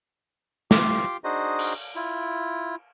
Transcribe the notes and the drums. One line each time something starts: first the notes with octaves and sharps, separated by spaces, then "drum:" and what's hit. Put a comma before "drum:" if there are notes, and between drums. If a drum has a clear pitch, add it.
F4 G4 C6 D6, drum: snare
D4 D#4 F#4 G#4 C5 D#5
drum: cymbal
E4 F4